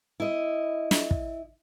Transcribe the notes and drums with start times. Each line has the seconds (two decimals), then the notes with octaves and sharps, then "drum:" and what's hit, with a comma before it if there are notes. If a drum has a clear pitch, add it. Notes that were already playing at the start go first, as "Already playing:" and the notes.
0.20 E4 D#5
0.91 drum: snare
1.11 drum: kick